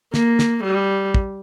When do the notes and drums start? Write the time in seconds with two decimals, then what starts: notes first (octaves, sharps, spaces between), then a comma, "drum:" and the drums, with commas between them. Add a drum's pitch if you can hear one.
0.14 A#3, drum: snare
0.39 drum: snare
0.64 G3
1.14 drum: kick